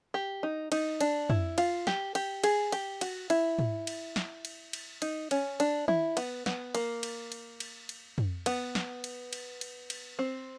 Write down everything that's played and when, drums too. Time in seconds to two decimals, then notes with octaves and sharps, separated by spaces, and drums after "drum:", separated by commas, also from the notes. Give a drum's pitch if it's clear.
0.14 G4
0.43 D#4
0.72 D#4, drum: cymbal
1.01 D4, drum: cymbal
1.30 E4, drum: tom
1.58 F4, drum: cymbal
1.87 G4, drum: snare
2.15 G4, drum: cymbal
2.44 G#4, drum: cymbal
2.72 G4, drum: cymbal
3.01 F#4, drum: cymbal
3.30 E4, drum: cymbal
3.59 drum: tom
3.87 drum: cymbal
4.16 drum: snare
4.45 drum: cymbal
4.73 drum: cymbal
5.02 D#4, drum: cymbal
5.31 C#4, drum: cymbal
5.60 D4, drum: cymbal
5.88 E4, drum: tom D#3
6.17 B3, drum: cymbal
6.46 B3, drum: snare
6.75 A#3, drum: cymbal
7.03 drum: cymbal
7.32 drum: cymbal
7.60 drum: cymbal
7.89 drum: cymbal
8.18 drum: tom
8.46 B3, drum: cymbal
8.75 drum: snare
9.04 drum: cymbal
9.33 drum: cymbal
9.61 drum: cymbal
9.90 drum: cymbal
10.19 C4